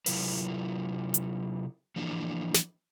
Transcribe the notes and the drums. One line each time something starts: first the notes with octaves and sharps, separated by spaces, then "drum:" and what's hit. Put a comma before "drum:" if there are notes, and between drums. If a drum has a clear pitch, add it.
C3 F#3 E4 F4 A#4 B4, drum: open hi-hat
drum: hi-hat
E3 F3 A#3 D4
drum: snare